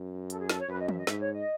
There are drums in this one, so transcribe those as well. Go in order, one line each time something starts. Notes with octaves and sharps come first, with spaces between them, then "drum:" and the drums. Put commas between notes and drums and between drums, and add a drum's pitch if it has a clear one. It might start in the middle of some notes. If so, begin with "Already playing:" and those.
Already playing: F#2
A4, drum: hi-hat
G#4
A4, drum: snare
C#5
F#2 B4
D#5
E5, drum: tom
D#5
G#2 E5, drum: snare
C#5
D#5